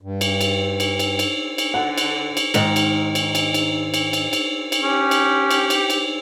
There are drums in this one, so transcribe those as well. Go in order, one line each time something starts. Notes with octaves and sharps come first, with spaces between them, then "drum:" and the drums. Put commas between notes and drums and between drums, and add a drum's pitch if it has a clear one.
G2
drum: cymbal
drum: cymbal
drum: cymbal
drum: cymbal
drum: cymbal
drum: cymbal
D3 F#5
drum: cymbal
drum: cymbal
G#2 D#3, drum: cymbal
drum: cymbal
drum: cymbal
drum: cymbal
drum: cymbal
drum: cymbal
drum: cymbal
drum: cymbal
drum: cymbal
C#4 G4
drum: cymbal
drum: cymbal
drum: cymbal
drum: cymbal